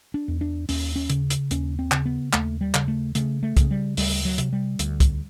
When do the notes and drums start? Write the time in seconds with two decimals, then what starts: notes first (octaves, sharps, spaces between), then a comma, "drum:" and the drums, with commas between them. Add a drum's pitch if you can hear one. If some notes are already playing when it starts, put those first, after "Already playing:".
0.14 D4
0.28 E2
0.41 D4
0.69 D#2 C#4, drum: open hi-hat
0.96 C#4
1.10 C#3, drum: hi-hat
1.30 drum: hi-hat
1.51 D#2 C#4, drum: hi-hat
1.79 C4
1.92 C#3, drum: clap
2.05 B3
2.33 D#2 A3, drum: clap
2.61 G3
2.74 C#3, drum: clap
2.88 A3
3.15 C#3 A3, drum: hi-hat
3.43 A3
3.57 C#3, drum: kick, hi-hat
3.71 G3
3.97 D2 G3, drum: open hi-hat
4.25 F#3
4.38 C3, drum: hi-hat
4.53 G3
4.79 D2, drum: hi-hat
5.00 drum: kick, hi-hat